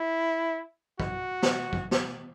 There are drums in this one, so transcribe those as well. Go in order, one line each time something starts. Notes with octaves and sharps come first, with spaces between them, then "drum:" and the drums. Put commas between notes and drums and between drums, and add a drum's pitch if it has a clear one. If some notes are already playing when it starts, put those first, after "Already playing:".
Already playing: E4
F#4, drum: kick A1
drum: snare
drum: kick A1
drum: snare